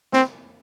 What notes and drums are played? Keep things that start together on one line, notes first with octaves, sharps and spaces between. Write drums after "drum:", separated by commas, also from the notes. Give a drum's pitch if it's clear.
C4, drum: snare